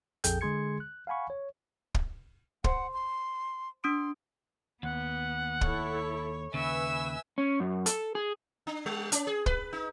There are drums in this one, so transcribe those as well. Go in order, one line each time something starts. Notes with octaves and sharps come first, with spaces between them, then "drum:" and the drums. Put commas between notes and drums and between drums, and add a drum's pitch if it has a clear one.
A#1 F2 G#4 A4 G5 G6, drum: hi-hat
D3 G#3 G#4 C6 G#6 C#7
F#6
F5 F#5 G#5 B5 C#6
C#5
drum: kick
C5 F#5, drum: kick
C6
D4 C6 D#6 D7
D#2 B3 F#5
E4 A4 C#5, drum: kick
D#2 C#3 B4 E5 G#5 C#6 E6
C#4
F#2
A4, drum: hi-hat
G#4
D4
G3
C#4, drum: hi-hat
G#4
B4, drum: kick
D#4